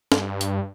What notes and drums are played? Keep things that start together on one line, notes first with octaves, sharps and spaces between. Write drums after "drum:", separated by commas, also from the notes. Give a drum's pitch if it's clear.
G2, drum: snare
drum: hi-hat